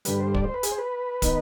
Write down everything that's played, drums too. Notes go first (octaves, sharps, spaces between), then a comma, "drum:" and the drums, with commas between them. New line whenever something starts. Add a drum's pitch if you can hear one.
G2 D3 G3 B4, drum: hi-hat
C5
D5, drum: kick
C5
B4
G#4, drum: hi-hat
C5
B4
D#3 B3 D#4, drum: kick, hi-hat